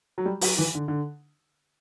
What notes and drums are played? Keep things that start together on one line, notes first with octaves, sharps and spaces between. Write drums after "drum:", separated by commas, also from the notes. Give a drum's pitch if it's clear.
F#3
G3
F#3, drum: open hi-hat
E3
D3
D3